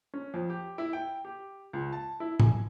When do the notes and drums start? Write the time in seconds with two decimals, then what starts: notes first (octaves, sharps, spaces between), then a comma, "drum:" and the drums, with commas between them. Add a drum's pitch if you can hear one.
0.14 C#4
0.34 F2
0.50 G4
0.78 E4
0.93 G5
1.25 G4
1.73 C#2
1.93 A5
2.20 E4
2.40 G#5, drum: tom G#2